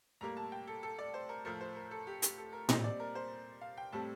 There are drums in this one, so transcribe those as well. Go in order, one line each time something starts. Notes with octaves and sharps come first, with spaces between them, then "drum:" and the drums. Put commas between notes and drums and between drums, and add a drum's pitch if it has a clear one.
A2 G3 A#3 A#5
A5
G5
A4
A4
D5
C5
A#4
A2 F3 A3 A#4
C5
A#4
A4
G4
G4, drum: hi-hat
A4
A#4
A#2 G3 C4 D#5, drum: tom A2
D5
A#4
C5
F5
G5
A2 G3 C4 A5